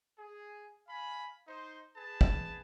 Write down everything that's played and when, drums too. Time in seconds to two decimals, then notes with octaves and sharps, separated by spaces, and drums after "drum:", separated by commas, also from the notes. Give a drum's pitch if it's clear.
0.18 G#4
0.88 F5 G#5 B5
1.48 D#4 C5
1.96 G#4 B4 A5
2.21 drum: kick